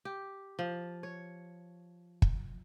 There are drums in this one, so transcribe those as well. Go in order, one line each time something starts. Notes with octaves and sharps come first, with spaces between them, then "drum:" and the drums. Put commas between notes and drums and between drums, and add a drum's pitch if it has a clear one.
G4
F3
C#5
drum: kick